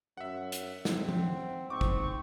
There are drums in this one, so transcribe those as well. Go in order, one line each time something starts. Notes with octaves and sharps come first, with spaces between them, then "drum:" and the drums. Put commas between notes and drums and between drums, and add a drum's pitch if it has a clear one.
F#2 E5 F#5
drum: hi-hat
C4, drum: snare
drum: tom
G#2 C4 C#6 D6
drum: kick